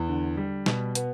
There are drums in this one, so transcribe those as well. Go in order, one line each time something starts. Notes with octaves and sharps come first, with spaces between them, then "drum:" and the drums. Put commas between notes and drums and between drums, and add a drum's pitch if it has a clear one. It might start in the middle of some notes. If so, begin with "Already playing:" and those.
Already playing: E2
D3
G3
B2, drum: snare
B3, drum: hi-hat